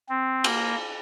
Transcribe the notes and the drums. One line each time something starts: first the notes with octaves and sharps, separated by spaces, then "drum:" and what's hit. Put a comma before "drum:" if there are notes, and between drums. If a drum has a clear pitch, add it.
C4
A#3, drum: cymbal